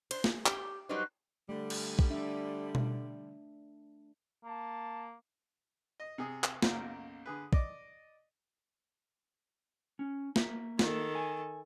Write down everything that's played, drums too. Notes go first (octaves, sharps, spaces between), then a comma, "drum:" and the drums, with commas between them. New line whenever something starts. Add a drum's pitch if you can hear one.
C5, drum: cymbal
G#4, drum: snare
G4, drum: clap
F#3 G3 D#4 F#4 B4 C5
D3 G3 A3
drum: cymbal
drum: kick
D4 E5
drum: tom B2
A#3 A5
D#5
C3 G#4
drum: clap
B1 F#2 C#3 A#3 A#5, drum: snare
D3 G#4 B4
D5 D#5 D6, drum: kick
C#4
A#3 E5, drum: snare
D#3 A4, drum: snare
G#5